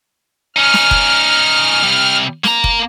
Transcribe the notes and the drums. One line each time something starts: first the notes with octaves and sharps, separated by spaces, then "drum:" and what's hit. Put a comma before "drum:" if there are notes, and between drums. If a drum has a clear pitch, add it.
C#4 D#4 F6
drum: snare
drum: kick F1
C3 G3
A#3 A#5, drum: snare
drum: kick F1